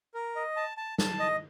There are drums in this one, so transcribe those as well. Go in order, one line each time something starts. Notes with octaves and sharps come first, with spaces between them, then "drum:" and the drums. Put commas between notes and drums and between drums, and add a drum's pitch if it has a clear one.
A#4
D#5
A5
A5
A5, drum: snare
D#5